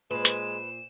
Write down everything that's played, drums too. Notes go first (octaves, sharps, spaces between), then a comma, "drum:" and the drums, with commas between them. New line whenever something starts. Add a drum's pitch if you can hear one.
A#2 G#3 B4 C5 E7
drum: hi-hat